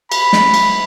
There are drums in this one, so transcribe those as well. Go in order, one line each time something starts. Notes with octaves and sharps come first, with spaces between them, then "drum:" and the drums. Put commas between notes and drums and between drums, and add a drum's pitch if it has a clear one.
B5, drum: cymbal
drum: snare
drum: cymbal